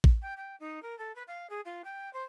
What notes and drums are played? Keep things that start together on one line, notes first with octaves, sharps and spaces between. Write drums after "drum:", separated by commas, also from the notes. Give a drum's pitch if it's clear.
drum: kick
G5
G5
D#4
A#4
A4
B4
F5
G#4
F4
G5
C5